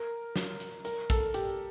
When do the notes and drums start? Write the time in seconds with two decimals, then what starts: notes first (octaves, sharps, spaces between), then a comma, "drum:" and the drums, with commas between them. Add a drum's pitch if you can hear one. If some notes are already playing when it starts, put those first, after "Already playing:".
Already playing: A#4
0.36 drum: snare
0.60 drum: hi-hat
0.85 A#4, drum: hi-hat
1.10 A4, drum: kick, hi-hat
1.34 G4, drum: hi-hat